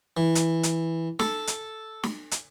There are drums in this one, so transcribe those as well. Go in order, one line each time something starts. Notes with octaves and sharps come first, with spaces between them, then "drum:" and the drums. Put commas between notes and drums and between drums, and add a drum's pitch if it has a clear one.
E3
drum: hi-hat
drum: hi-hat
A4, drum: snare
drum: hi-hat
drum: snare
drum: hi-hat